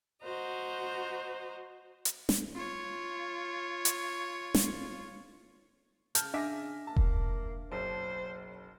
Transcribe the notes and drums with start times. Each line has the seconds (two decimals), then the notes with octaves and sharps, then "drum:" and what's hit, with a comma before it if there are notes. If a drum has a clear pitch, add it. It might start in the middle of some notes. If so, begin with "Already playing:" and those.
0.22 F#4 C5 D#5 A#5
2.05 drum: hi-hat
2.29 drum: snare
2.55 F4 C#5
3.85 drum: hi-hat
4.55 drum: snare
6.15 C#3 A5 F6 G6, drum: hi-hat
6.34 D4 E5 G#5 D6 F6 A#6 B6
6.87 A#3 A5
6.96 drum: kick E1
7.72 F#1 B1 C5 A5